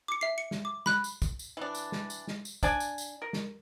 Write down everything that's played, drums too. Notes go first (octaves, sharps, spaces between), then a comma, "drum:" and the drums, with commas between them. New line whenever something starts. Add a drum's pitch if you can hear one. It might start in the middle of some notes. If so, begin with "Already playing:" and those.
D6 C#7
E5 C7
C#7
drum: snare
D6
B5 F#6, drum: snare
drum: tambourine
drum: kick, tambourine
drum: tambourine
E3 D4
drum: tambourine
drum: snare
drum: tambourine
drum: snare
drum: tambourine
D4 D5 G#5, drum: kick, tambourine
drum: tambourine
drum: tambourine
A#4
drum: snare